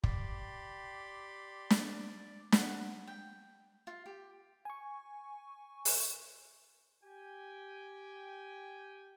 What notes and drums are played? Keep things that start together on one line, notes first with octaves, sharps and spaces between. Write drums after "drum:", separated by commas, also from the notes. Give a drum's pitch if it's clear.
G4 D5 B5 C6, drum: kick
drum: snare
F#5, drum: snare
G5
F4
G4
G#5 C#6
drum: open hi-hat
G4 G5 G#5